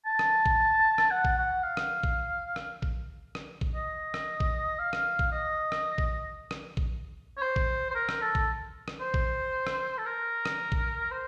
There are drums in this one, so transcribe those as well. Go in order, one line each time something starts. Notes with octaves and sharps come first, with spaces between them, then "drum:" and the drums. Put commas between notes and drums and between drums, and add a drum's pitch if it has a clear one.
A5
drum: rim click
drum: kick A1
drum: rim click
F#5
drum: kick A1
F#5
F5
drum: rim click
drum: kick A1
drum: rim click
drum: kick A1
drum: rim click
drum: kick A1
D#5
drum: rim click
drum: kick A1
F5
drum: rim click
drum: kick A1
D#5
drum: rim click
drum: kick A1
drum: rim click
drum: kick A1
C#5
C5
drum: kick A1
C5
A#4
drum: rim click
A4
drum: kick A1
drum: rim click
C5
drum: kick A1
drum: rim click
A4
A#4
drum: rim click
drum: kick A1
C5